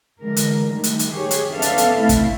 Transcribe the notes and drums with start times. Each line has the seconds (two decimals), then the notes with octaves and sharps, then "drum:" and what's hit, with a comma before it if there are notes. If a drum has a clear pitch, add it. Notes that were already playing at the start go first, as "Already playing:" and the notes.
0.21 D3 E3 G#3 A#4
0.36 drum: hi-hat
0.73 D#3 G3 A3
0.84 drum: hi-hat
0.99 drum: hi-hat
1.12 G4 G#4 C#5
1.31 drum: hi-hat
1.52 B3 C#4 D4 A4 E5 F5
1.62 drum: hi-hat
1.78 drum: hi-hat
1.97 A3 C4 E4
2.09 drum: kick, hi-hat